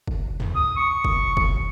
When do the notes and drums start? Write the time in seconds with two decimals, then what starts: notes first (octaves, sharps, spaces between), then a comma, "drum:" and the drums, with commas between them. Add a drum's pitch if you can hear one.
0.08 drum: kick
0.40 drum: tom
0.56 D#6
0.77 C#6
1.05 drum: kick
1.37 drum: kick